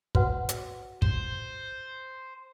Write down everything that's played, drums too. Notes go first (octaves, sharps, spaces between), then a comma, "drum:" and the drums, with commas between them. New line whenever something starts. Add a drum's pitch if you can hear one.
F#4 B4 F#5, drum: kick
drum: hi-hat
C5, drum: kick